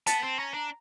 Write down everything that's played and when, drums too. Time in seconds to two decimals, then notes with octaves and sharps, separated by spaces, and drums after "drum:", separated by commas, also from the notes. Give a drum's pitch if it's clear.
0.07 B3 A5, drum: hi-hat
0.23 C4
0.39 C#4 A#5
0.54 D4